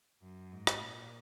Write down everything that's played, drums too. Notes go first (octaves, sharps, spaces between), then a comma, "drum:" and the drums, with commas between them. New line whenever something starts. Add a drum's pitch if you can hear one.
F#2
G#2
drum: rim click
A#2